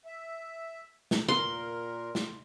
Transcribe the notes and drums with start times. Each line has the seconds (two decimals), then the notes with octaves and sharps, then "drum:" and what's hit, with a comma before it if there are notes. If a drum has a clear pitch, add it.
0.05 E5
1.11 drum: snare
1.28 A#2 A#4 C6
2.15 drum: snare